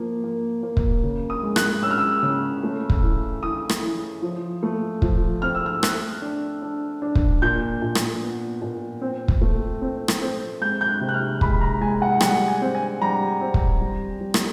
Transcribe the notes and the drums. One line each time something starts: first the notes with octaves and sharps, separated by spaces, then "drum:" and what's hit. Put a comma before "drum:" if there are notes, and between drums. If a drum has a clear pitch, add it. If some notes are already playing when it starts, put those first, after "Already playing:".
Already playing: F3 A#3
A#3
A#3
drum: kick
C#3
D#6
G#3
F#6, drum: rim click
C#4 E6
F6
E6
C#3
A3
drum: kick
E3
E3 D#6
drum: rim click
E3
F3
A3
F3, drum: kick
C4 F6
E6
F6
A3 F#6, drum: rim click
D4
D4
D4
drum: kick
A#2 G6
A#2
drum: rim click
B3
A#2
C4
drum: kick
A3
C4
drum: rim click
C4
G#3 G6
G6
F#6
C3
F#6
F6
G#3 B5, drum: kick
A#5
G#3 G#5
F#5
G3 F#5, drum: rim click
G#5
C4
G#5
G3 A#5
C4
drum: kick
G3
G3
drum: rim click